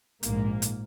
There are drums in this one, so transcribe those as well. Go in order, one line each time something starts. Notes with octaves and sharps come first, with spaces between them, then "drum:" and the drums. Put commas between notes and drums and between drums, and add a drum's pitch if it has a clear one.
A#1 G#2 A#3, drum: hi-hat
drum: hi-hat